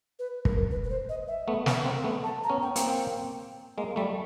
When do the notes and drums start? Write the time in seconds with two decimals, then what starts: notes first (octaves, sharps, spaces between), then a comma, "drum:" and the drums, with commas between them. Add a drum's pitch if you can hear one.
0.19 B4
0.45 A#4, drum: kick
0.71 B4
0.84 B4
0.90 C5
1.09 D#5
1.28 E5
1.48 A3 B3
1.66 B3 C#4, drum: snare
1.85 A#3 C4
2.04 A3 B3
2.24 A5
2.44 A#5
2.50 B3 C#4
2.62 G5
2.76 A#3 C4, drum: hi-hat
2.81 G5
3.77 G#3 A#3 D#5
3.96 G3 A3 D5